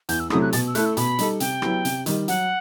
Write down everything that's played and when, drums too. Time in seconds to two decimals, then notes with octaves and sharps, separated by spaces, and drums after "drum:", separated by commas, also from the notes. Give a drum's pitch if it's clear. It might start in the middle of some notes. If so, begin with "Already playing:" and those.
0.09 E2 G6, drum: hi-hat
0.20 E6
0.30 C3 F#3 A3 E4 D#6, drum: rim click
0.42 F#6
0.53 B2 A6, drum: hi-hat
0.67 E6
0.75 A3 E4 A4 F#6, drum: hi-hat
0.85 E6
0.97 B2 B5, drum: hi-hat
1.19 G3 D#4 A4, drum: hi-hat
1.40 C3 G5, drum: hi-hat
1.62 F#3 B3 E4 G4, drum: rim click
1.85 C3, drum: hi-hat
2.06 D#3 G3 D#4, drum: hi-hat
2.28 F#3 F#5, drum: hi-hat